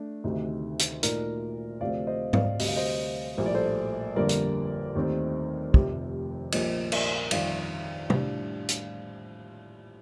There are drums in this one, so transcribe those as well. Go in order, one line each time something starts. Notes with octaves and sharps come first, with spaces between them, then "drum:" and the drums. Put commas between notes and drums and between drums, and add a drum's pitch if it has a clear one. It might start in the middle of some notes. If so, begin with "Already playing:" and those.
Already playing: A3 D4
D2 C3 D#3 A3 D#4
drum: hi-hat
A#2 A3 D#4 A#4 D5, drum: hi-hat
D2 C3 F3 A3 C4 D5 F5
C5 D#5
D5 F5, drum: tom G#2
D2 C3 G3 D#5, drum: open hi-hat
F5
C5 D#5
A#1 A2 G3 A#3 C5
D5
A4 C5
G1 F2 D3 G3 A#3 A#4 D5
drum: hi-hat
D#2 D#3 A3 C4
F1 F2 C3, drum: kick
A#1 A#2 G3 A#3 C5 D#5, drum: cymbal
A#4 D5, drum: cymbal
G1 F2 D#3 D5 F5, drum: cymbal
A2 G3 D4, drum: tom
drum: hi-hat